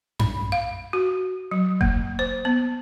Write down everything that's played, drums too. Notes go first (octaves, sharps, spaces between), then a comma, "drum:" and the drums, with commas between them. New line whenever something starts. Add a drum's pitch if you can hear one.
B5, drum: tom F#2
F5
F#4
F#3
A#3, drum: kick F1
C5
B3